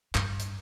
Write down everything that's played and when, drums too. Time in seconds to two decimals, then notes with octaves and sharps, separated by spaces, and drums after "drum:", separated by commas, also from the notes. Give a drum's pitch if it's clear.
0.15 G2, drum: clap
0.40 drum: hi-hat